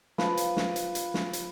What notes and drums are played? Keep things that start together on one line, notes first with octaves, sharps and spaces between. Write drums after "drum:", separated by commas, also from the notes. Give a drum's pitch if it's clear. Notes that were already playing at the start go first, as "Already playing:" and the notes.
F3 B4, drum: snare
drum: hi-hat
drum: snare
drum: hi-hat
drum: hi-hat
drum: snare
drum: hi-hat